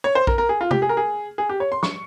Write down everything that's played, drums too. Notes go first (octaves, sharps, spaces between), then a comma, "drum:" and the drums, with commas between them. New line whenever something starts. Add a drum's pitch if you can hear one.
C#5
C5
A#4, drum: kick A#1
A#4
G#4
F4
G4, drum: tom
G#4
A#4
G#4
G#4
G4
C#5
C6
C#6, drum: snare